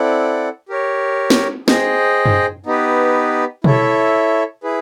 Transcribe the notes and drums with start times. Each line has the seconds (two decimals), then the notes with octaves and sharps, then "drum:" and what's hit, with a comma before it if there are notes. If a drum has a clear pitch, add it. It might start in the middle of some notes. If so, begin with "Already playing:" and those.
Already playing: C4 E4 A4 D5 F#5
0.69 G4 A#4 C#5
1.30 drum: snare
1.68 G#4 C5 D#5 G5, drum: snare
2.26 drum: tom F#2
2.66 B3 D#4 G4 B4
3.64 E4 A4 C#5 E5, drum: tom B2
4.63 E4 G#4 B4